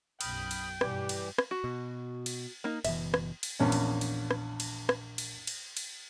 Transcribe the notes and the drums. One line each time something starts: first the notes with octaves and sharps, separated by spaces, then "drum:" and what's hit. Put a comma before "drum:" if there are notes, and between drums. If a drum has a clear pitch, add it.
B1 F#2 G5 B5 D#6 F6, drum: cymbal
drum: cymbal
G2 B2 E3 G3 G4, drum: rim click
drum: cymbal
drum: rim click
F#4
B2
drum: cymbal
A#3 D#4
F#1 B2 E3 E5, drum: cymbal
drum: rim click
drum: cymbal
A#1 E2 C#4
drum: cymbal
drum: cymbal
drum: rim click
drum: cymbal
drum: rim click
drum: cymbal
drum: cymbal
drum: cymbal